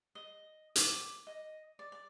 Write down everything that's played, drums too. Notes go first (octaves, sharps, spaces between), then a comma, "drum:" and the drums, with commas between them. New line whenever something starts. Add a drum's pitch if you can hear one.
D#5
D6, drum: hi-hat
D#5
D5
D5